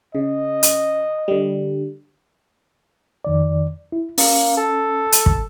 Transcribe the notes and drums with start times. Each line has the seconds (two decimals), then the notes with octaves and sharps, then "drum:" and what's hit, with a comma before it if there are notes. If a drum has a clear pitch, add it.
0.15 C#3 D#5
0.63 drum: hi-hat
1.28 D3 G3
3.25 F2 D#3 D5
3.92 E4
4.18 A#3 C#4, drum: open hi-hat
4.57 A4
5.12 drum: hi-hat
5.26 drum: kick